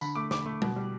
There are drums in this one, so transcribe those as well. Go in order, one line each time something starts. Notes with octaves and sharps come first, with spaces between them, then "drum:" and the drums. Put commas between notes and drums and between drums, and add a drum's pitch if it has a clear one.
D3 B5, drum: tambourine
A3 D6
D3 D6, drum: snare
A3
B2, drum: tom G3
G3